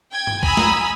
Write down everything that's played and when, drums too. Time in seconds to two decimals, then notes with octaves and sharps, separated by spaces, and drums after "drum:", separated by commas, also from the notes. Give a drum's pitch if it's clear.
0.12 G5 G#6
0.27 drum: tom G2
0.43 G#5 A#5 B5 D#6 E6, drum: kick
0.57 drum: snare